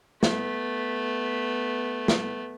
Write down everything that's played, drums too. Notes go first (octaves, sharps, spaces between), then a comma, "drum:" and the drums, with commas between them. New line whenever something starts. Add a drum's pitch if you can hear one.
A3 B3, drum: snare
drum: snare